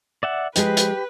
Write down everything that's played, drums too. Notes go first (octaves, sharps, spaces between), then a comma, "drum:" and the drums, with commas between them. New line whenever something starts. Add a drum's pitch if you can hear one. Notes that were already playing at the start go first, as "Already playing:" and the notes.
D5 E5 F#5
F3 G#3 G4 G#4 B4, drum: hi-hat
drum: hi-hat